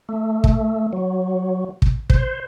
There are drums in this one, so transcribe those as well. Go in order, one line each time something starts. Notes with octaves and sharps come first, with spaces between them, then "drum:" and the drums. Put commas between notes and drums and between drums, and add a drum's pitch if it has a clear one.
A3
drum: kick
F#3
drum: kick
C5, drum: kick